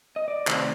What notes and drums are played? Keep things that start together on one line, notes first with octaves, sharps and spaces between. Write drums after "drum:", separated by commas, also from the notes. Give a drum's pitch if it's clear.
D#5
D5
C3 D#3 A3 C5, drum: clap